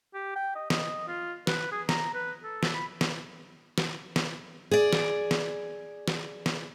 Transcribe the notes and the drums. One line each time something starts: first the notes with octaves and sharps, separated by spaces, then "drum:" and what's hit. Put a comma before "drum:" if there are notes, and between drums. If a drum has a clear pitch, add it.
G4
G5
D#5
D#5, drum: snare
F4
B4, drum: snare
G#4
A#5, drum: snare
B4
A4
drum: snare
B5
drum: snare
drum: snare
drum: snare
G#4 D5
drum: snare
drum: snare
drum: snare
drum: snare